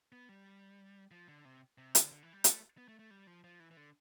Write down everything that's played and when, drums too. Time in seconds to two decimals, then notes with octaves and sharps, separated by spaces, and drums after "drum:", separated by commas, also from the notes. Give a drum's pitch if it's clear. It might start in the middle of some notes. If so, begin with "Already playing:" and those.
0.12 B3
0.29 G3
1.11 F3
1.28 D3
1.45 C3
1.78 C3
1.95 D3, drum: hi-hat
2.11 D3
2.23 E3
2.33 G3
2.44 A3, drum: hi-hat
2.78 B3
2.88 A3
2.99 A3
3.11 G3
3.27 F3
3.44 F3
3.60 E3
3.71 E3
3.77 D3